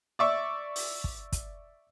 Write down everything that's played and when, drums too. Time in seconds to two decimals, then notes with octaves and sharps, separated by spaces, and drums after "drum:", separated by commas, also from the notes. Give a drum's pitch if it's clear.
0.19 D5 E5 C#6
0.76 drum: open hi-hat
1.04 drum: kick
1.32 drum: kick, hi-hat